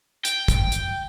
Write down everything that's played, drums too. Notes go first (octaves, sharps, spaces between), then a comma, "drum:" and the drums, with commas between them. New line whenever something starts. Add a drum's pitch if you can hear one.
G5, drum: hi-hat
drum: kick, hi-hat
drum: hi-hat